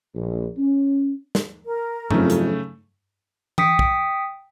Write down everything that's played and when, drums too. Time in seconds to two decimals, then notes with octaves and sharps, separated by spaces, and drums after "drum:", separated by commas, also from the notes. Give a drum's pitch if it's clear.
0.14 A#1
0.57 C#4
1.35 drum: snare
1.65 A#4
2.10 A1 F2 C#3 F#3 A3 D#4, drum: tom G2
2.30 drum: hi-hat
3.58 G5 D#6 B6 C#7, drum: tom E3
3.79 drum: kick